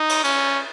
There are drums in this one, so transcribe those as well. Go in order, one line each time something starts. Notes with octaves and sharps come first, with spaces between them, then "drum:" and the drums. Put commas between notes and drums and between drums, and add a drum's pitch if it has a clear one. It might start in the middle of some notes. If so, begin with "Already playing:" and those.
Already playing: D#4
drum: cymbal
C#4, drum: cymbal